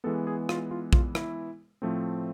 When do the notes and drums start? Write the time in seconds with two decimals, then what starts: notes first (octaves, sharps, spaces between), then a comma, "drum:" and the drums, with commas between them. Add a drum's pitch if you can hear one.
0.04 E3 G#3 B3 A4
0.27 G#4
0.49 F4, drum: rim click
0.71 F4
0.93 F4, drum: kick A#1
1.15 E4, drum: rim click
1.82 A2 F3 A3 C4